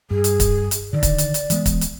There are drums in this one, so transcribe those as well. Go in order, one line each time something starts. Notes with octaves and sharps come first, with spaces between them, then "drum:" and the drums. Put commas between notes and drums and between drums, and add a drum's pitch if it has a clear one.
G2 G#4
drum: hi-hat
drum: kick, hi-hat
drum: hi-hat
D3 D#3 D5
drum: kick, hi-hat
drum: hi-hat
drum: hi-hat
E3 G#3 B3, drum: hi-hat
drum: kick, hi-hat
drum: hi-hat